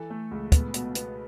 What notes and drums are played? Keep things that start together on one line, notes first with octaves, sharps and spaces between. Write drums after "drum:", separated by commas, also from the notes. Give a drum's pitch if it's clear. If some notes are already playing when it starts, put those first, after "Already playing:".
Already playing: E3 A4
A3
C#2
B3, drum: kick, hi-hat
B2, drum: hi-hat
B3, drum: hi-hat